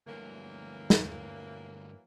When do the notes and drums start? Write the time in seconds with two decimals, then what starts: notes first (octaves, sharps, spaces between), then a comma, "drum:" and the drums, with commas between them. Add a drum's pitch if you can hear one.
0.07 D2 G2 E3 F#3 A#3
0.90 drum: snare